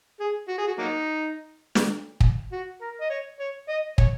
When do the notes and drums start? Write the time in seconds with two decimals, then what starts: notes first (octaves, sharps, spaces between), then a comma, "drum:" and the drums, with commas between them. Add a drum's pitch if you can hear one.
0.20 G#4
0.48 F#4
0.58 G#4
0.67 F#4
0.78 F#3 A#3 D#4
1.75 drum: snare
2.20 drum: kick
2.52 F#4
2.81 A#4
3.01 D#5
3.10 C#5
3.40 C#5
3.69 D#5
3.98 C#5, drum: kick